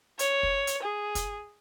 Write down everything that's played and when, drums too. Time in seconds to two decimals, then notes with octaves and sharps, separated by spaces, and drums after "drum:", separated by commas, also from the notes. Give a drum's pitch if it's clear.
0.19 C#5, drum: hi-hat
0.43 drum: kick
0.67 drum: hi-hat
0.82 G#4
1.15 drum: kick, hi-hat